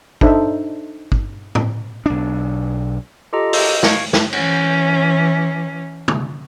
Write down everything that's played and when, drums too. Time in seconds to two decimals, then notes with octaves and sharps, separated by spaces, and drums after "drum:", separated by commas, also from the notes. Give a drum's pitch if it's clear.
0.21 D4 D#4 A4 C5 E5, drum: kick
1.12 drum: kick
1.55 drum: tom A2
2.06 B1 D4
3.33 F4 G4 A4 D#5 A#5
3.53 F#4 A#4 D#5 E6 G6, drum: open hi-hat
3.83 F5 C#6 G#6 C#7 D7, drum: snare
4.13 drum: snare
4.33 E3 C#4, drum: cymbal
6.08 drum: tom